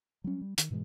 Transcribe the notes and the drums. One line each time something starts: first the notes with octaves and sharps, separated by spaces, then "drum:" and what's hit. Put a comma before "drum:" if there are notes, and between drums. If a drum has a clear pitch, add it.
F#3 G3 C#4
G3
D#3, drum: hi-hat
G#2 B2 E3 G#3